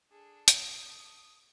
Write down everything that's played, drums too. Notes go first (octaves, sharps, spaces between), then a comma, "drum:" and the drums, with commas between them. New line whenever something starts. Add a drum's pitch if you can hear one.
D4 G#4 A4
D#6, drum: hi-hat